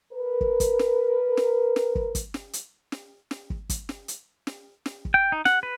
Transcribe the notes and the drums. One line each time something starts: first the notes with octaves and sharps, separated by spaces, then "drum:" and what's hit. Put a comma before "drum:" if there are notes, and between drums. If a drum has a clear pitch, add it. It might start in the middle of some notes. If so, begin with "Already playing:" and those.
A#4 B4
drum: kick
drum: kick, hi-hat
drum: snare
drum: snare
drum: snare
drum: kick
drum: kick, hi-hat
drum: snare
drum: hi-hat
drum: snare
drum: snare
drum: kick
drum: kick, hi-hat
drum: snare
drum: hi-hat
drum: snare
drum: snare
drum: kick
G5
D#4
F#5, drum: snare
B4